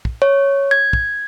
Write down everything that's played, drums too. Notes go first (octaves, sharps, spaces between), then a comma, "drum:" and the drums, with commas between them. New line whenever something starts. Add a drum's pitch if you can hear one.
drum: kick
C#5
G#6
drum: kick